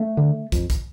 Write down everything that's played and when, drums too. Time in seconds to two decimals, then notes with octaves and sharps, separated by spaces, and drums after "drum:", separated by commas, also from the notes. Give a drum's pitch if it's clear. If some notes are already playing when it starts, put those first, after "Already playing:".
Already playing: A3
0.17 D3
0.52 F2, drum: kick, hi-hat
0.70 drum: kick, hi-hat